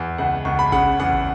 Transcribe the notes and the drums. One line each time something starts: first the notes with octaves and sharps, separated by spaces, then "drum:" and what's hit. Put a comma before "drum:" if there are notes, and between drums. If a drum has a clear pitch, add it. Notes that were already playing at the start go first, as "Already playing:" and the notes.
Already playing: E2
C#2 F#5
C#2 C#6
B5
C#3 F#5, drum: kick
E2 F#5
drum: kick